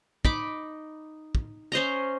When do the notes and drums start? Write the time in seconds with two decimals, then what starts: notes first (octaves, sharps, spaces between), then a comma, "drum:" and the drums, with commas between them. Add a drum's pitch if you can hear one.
0.25 D#4 B5 D6, drum: kick
1.35 drum: kick
1.72 C#4 C5 D#5 A#5